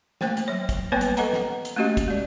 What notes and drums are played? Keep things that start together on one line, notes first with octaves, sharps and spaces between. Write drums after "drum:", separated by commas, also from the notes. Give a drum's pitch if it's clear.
A3 A#3 C5 G5, drum: snare
drum: hi-hat
F#3 C#5
drum: kick, hi-hat
G3 A#3 B3 B4 C#5 G5
drum: hi-hat
A4 B4 D#5 F#5 A#5, drum: hi-hat
drum: snare
drum: hi-hat
A3 A#3 C#4 F#4 G4 D#5
drum: kick, hi-hat
G#3 D5